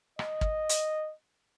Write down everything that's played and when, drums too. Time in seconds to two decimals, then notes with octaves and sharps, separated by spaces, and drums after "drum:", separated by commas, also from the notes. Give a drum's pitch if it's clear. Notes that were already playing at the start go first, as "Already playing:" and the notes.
0.19 D#5, drum: rim click
0.41 drum: kick
0.69 drum: hi-hat